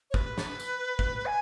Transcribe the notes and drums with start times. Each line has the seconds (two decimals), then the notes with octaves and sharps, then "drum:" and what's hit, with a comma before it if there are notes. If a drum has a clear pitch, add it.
0.11 C#5
0.14 B4, drum: kick
0.38 drum: snare
0.60 drum: tambourine
0.99 drum: kick
1.26 G#5